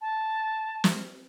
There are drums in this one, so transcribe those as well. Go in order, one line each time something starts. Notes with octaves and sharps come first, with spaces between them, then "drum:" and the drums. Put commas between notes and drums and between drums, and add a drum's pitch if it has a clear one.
A5
drum: snare